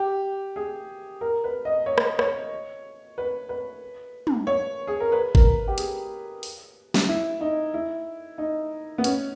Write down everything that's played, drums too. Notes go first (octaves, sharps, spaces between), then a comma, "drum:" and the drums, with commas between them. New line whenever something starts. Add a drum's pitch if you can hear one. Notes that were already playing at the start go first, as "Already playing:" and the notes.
Already playing: G4
G#4
A#4
B4
D#5
C#5
drum: rim click
C#5, drum: rim click
B4
B4
drum: tom
C#5
G#4
A#4
B4
A#4, drum: kick G#1
G4
G#4, drum: hi-hat
drum: open hi-hat
drum: snare
E4
D#4
E4
D#4
B3
C#4, drum: hi-hat